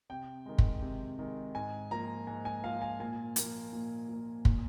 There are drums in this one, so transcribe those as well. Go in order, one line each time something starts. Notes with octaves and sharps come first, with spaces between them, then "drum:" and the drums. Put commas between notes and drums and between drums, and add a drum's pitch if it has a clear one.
C3 G5
D#3 G#3
drum: kick
C3
D#3 G#3
G#2 G#5
F3 A#3 A#5
G#2 G#5
G#5
F3 A#3 F5
G#5
A#2 G#5
F3 A#3, drum: hi-hat
A#2
F3 A#3
A#2, drum: kick